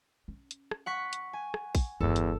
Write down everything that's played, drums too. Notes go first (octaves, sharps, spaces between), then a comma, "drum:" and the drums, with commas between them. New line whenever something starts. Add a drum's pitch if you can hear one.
C#4
drum: hi-hat
drum: rim click
F#5 C#6 B6
drum: hi-hat
G#5
drum: rim click
drum: kick, open hi-hat
G1 E2 G2 A4
drum: hi-hat